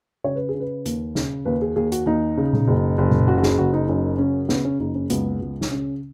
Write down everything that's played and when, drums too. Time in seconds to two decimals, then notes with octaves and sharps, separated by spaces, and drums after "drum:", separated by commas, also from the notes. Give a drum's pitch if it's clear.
0.24 C#3 C#5
0.36 B4
0.49 G#4
0.54 C#3
0.60 B4
0.86 D#2, drum: hi-hat
1.15 C#3, drum: snare
1.45 D#2 B4
1.62 G#4
1.76 D#2 G#4
1.92 F#4, drum: hi-hat
2.06 D#2 D#4
2.37 C#3
2.53 drum: tom A#2
2.68 F#1
2.98 F#1
3.10 drum: tom A#2
3.28 C#3 F#4
3.38 F#4
3.43 G#4, drum: snare
3.58 F#1 F#4
3.73 D#4
3.89 F#2 D#4
4.18 C#3 C#4
4.49 C#3 B3, drum: snare
4.65 C#4
4.79 F#1 D#4
4.95 C#4
5.10 C#2 B3, drum: hi-hat
5.40 C#2
5.61 drum: snare
5.71 C#3 C#4